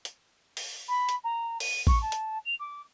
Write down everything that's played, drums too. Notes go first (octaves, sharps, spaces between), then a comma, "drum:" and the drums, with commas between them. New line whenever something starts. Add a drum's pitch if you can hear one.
drum: hi-hat
drum: open hi-hat
B5
drum: hi-hat
A#5
D#7, drum: open hi-hat
C#6, drum: kick A1
A5
drum: hi-hat
F7
D6